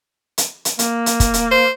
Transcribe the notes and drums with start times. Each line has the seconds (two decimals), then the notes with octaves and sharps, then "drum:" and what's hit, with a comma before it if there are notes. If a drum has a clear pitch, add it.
0.38 drum: hi-hat
0.65 drum: hi-hat
0.79 A#3, drum: hi-hat
1.06 drum: hi-hat
1.20 drum: kick, hi-hat
1.34 drum: hi-hat
1.52 C5